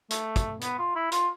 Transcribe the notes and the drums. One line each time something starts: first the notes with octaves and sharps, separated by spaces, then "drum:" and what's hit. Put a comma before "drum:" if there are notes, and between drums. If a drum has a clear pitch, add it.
A3, drum: hi-hat
drum: kick, hi-hat
B3, drum: hi-hat
F4
E4
F4, drum: hi-hat